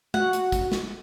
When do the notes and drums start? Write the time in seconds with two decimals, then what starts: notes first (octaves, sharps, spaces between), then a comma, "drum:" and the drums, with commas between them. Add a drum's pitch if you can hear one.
0.14 F#4 F#5, drum: tom G#3
0.33 drum: hi-hat
0.52 drum: kick, hi-hat
0.72 drum: snare